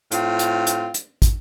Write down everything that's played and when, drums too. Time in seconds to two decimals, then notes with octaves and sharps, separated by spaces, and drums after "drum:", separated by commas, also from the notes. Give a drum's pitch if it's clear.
0.12 A2 C4 F4, drum: hi-hat
0.39 drum: hi-hat
0.67 drum: hi-hat
0.94 drum: hi-hat
1.22 drum: kick, hi-hat